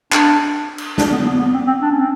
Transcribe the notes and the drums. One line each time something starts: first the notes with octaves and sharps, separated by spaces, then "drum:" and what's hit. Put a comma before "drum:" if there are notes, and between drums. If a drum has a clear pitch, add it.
D4, drum: clap
drum: cymbal
D4, drum: snare
B3
B3
B3
C4
C4
D4
C#4
C4